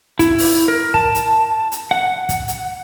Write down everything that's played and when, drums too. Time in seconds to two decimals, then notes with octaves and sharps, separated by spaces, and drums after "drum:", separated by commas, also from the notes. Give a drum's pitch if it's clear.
0.19 E4, drum: kick, hi-hat
0.38 drum: open hi-hat
0.68 A#4
0.94 A5, drum: kick
1.15 drum: hi-hat
1.72 drum: hi-hat
1.91 F#5
2.29 drum: kick, hi-hat
2.48 drum: hi-hat